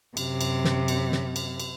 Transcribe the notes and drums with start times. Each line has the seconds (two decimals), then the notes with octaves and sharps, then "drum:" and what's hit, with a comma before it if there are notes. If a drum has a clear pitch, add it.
0.17 F#2 C3, drum: cymbal
0.41 drum: cymbal
0.64 drum: snare
0.88 drum: cymbal
1.12 drum: snare
1.36 drum: cymbal
1.60 drum: cymbal